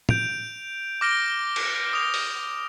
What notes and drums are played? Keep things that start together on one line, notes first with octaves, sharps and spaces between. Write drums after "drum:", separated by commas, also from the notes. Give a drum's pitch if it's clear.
G6 D7 F7, drum: tom
D6 F6 A#6 D7 G7
drum: cymbal
D#6 A#6 F7
drum: open hi-hat